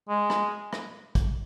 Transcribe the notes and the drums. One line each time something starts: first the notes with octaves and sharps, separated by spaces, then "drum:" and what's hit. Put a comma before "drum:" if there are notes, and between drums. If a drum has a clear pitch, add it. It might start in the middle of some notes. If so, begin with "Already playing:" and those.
G#3
drum: rim click
drum: rim click
drum: kick, hi-hat